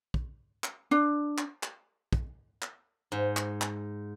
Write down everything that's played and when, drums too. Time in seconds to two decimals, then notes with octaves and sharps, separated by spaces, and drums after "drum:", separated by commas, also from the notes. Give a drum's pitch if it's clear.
0.14 drum: kick
0.64 drum: clap
0.91 D4
1.38 drum: clap
1.63 drum: clap
2.13 drum: kick
2.62 drum: clap
3.12 G#2
3.37 drum: clap
3.61 drum: clap